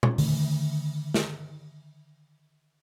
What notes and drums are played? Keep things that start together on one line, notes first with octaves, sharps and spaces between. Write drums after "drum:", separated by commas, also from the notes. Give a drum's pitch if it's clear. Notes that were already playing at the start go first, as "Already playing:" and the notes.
drum: tom A#2
D3 D#3 A3, drum: open hi-hat
drum: snare